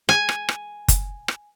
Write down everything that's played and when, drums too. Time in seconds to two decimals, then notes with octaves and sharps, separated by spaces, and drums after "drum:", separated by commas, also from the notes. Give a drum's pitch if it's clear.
0.09 G#5, drum: rim click
0.29 drum: rim click
0.49 drum: rim click
0.88 drum: kick F#1, hi-hat
1.28 drum: rim click